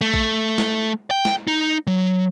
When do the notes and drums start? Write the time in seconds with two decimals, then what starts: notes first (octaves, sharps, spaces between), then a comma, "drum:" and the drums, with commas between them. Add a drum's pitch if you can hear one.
0.01 A3
0.14 drum: kick A#1
0.58 drum: snare
1.11 G5
1.25 drum: snare
1.47 D#4
1.87 F#3